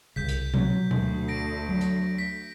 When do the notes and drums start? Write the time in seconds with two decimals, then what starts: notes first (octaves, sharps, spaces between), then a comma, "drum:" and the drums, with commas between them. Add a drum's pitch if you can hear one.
0.16 C2 C#3 G6 B6
0.29 drum: hi-hat
0.54 F#3, drum: tom B2
0.91 D2, drum: tom B2
1.28 A#6 D7
1.69 F#3
1.81 drum: hi-hat
2.18 B6